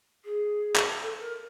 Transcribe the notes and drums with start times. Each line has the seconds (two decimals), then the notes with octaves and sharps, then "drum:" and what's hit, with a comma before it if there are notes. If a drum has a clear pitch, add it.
0.25 G#4
0.76 drum: clap
1.00 A4
1.20 A#4